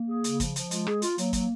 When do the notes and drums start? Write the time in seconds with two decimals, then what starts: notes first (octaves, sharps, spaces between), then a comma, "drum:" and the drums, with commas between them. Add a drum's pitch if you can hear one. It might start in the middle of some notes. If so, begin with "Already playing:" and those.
Already playing: A#3
0.09 G#4
0.24 C#3, drum: hi-hat
0.40 F3, drum: kick, hi-hat
0.56 F3, drum: hi-hat
0.71 G#3 F4, drum: hi-hat
0.87 G#4, drum: rim click
1.02 F4, drum: hi-hat
1.18 F#3 A#3, drum: hi-hat
1.33 F#3, drum: kick, hi-hat